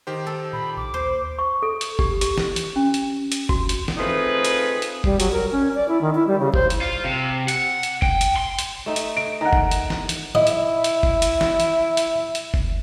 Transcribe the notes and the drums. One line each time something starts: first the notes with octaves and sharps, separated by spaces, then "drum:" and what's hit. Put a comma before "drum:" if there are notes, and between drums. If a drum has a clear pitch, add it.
D#3 G4 C5
A4
A#2 B5
A#1 D6
D#2 C5
C#6
A4
drum: hi-hat
G4, drum: kick
G4, drum: hi-hat
drum: snare
drum: hi-hat
C#4
drum: hi-hat
drum: hi-hat
F#4, drum: kick
drum: hi-hat
drum: snare
A3 C4 D#4 F4 G#4 B4
drum: hi-hat
drum: hi-hat
G3, drum: kick
F#3, drum: hi-hat
A#4
C#4
D5
E4
D#3
E4
G3
C#3
C5, drum: kick
drum: hi-hat
F4
C3
F#5, drum: hi-hat
drum: hi-hat
G5, drum: kick
drum: hi-hat
C6
drum: hi-hat
A3 D#4
drum: hi-hat
D7
D#3 F#5 A#5
drum: kick
drum: hi-hat
drum: snare
drum: hi-hat
E4 D#5
drum: hi-hat
drum: hi-hat
drum: kick
drum: hi-hat
drum: snare
drum: hi-hat
drum: hi-hat
drum: hi-hat
drum: kick